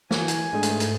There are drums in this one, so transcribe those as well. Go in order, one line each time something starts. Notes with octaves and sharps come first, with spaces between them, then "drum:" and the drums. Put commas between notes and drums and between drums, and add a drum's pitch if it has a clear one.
E3 G#5, drum: snare
drum: hi-hat
G#2 G#3 A3 D4 G#4
drum: hi-hat
drum: hi-hat